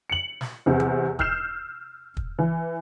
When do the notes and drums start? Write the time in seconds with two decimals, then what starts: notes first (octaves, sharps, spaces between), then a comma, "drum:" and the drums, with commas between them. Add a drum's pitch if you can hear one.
0.10 C#7 F#7
0.41 drum: snare
0.66 E2 C3
0.80 drum: tom E3
1.19 E6 F6 G6 C7 E7, drum: kick
2.17 drum: kick
2.39 E3